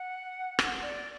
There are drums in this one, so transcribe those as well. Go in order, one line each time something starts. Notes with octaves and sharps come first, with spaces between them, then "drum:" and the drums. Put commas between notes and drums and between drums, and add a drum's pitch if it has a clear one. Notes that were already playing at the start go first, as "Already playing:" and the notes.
Already playing: F#5
drum: rim click
D5